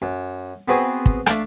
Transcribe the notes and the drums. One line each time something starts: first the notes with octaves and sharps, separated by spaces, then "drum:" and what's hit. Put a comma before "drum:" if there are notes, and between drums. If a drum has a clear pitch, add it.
F#2
B3 C4 F#4 G#4
drum: kick
A3 D4 F5 A5, drum: rim click